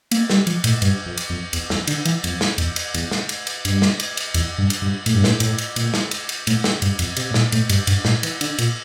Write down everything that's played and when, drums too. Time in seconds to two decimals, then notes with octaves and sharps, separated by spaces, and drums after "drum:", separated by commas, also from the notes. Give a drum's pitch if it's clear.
0.11 A#3, drum: cymbal
0.30 G3, drum: snare
0.47 F3, drum: cymbal
0.64 A2, drum: cymbal
0.82 G2, drum: cymbal
1.06 F2
1.17 drum: cymbal
1.30 F2
1.53 E2, drum: cymbal
1.70 F2, drum: snare
1.87 D3, drum: cymbal
2.05 E3, drum: cymbal
2.24 F2, drum: cymbal
2.41 drum: snare
2.58 E2, drum: cymbal
2.76 drum: cymbal
2.94 E2, drum: cymbal
3.11 drum: snare
3.29 drum: cymbal
3.47 drum: cymbal
3.65 G2, drum: cymbal
3.82 drum: snare
4.00 drum: cymbal
4.17 drum: cymbal
4.34 E2, drum: cymbal
4.58 G2
4.70 drum: cymbal
4.82 G2
5.06 A2, drum: cymbal
5.14 G2
5.24 A2, drum: snare
5.40 A2, drum: cymbal
5.58 drum: cymbal
5.76 A#2, drum: cymbal
5.94 drum: snare
6.11 drum: cymbal
6.29 drum: cymbal
6.47 A2, drum: cymbal
6.64 drum: snare
6.82 G2, drum: cymbal
6.99 F2, drum: cymbal
7.16 C3, drum: cymbal
7.31 A2
7.34 A#2, drum: snare
7.52 A2, drum: cymbal
7.69 G2, drum: cymbal
7.87 G2, drum: cymbal
8.05 A2, drum: snare
8.23 E3, drum: cymbal
8.41 D3, drum: cymbal
8.58 A#2, drum: cymbal